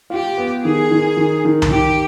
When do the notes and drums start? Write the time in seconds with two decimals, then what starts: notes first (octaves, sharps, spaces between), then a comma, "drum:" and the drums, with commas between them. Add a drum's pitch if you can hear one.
0.10 F4 G4
0.38 B3
0.64 D#3 G#4
0.91 D#3
1.17 D#3
1.45 D#3
1.62 drum: tom C2
1.71 D#3 G4